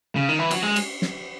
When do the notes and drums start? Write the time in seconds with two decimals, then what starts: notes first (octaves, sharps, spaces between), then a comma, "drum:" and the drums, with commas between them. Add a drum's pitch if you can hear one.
0.16 C#3
0.29 D#3
0.39 E3
0.51 F#3, drum: cymbal
0.62 G#3
0.76 drum: cymbal
1.02 drum: snare